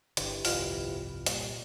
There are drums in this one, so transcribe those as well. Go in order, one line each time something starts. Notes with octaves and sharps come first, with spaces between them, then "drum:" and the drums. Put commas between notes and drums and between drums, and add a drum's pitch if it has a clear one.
G1 D3 E4 G4 B4, drum: hi-hat
G1 C2 F2 F4, drum: open hi-hat
A#2 G3, drum: hi-hat